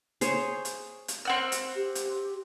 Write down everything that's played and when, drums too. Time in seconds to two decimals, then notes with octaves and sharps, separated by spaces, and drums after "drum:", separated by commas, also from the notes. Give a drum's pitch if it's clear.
0.21 G#4 C5 C#5, drum: hi-hat
0.65 drum: hi-hat
1.08 drum: hi-hat
1.25 C4 F#5 F6
1.52 drum: hi-hat
1.76 G4
1.95 drum: hi-hat